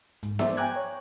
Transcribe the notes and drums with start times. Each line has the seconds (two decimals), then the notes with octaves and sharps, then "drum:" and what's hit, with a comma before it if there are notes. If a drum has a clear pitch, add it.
0.23 G#2, drum: hi-hat
0.39 C5 D5 E5, drum: snare
0.57 G5 G#5 A#5 D6 F#6 G#6, drum: hi-hat
0.76 C#5